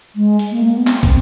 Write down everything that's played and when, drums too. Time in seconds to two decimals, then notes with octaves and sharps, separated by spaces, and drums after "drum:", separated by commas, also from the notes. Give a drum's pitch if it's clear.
0.15 G#3
0.39 drum: open hi-hat
0.51 A#3
0.63 A#3
0.75 B3
0.87 C4, drum: clap
1.03 drum: kick, hi-hat